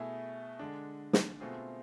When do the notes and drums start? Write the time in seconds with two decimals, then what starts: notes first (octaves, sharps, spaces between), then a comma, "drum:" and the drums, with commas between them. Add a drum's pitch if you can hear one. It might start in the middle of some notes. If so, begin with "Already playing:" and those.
Already playing: B2 A3 E4 G#4
0.59 D3 G#3 D4
1.13 drum: snare
1.40 B2 A3 C4 F4 G#4